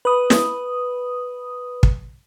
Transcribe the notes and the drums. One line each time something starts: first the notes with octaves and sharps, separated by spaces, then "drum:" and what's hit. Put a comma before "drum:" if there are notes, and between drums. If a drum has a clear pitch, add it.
B4 D#6
drum: snare
drum: kick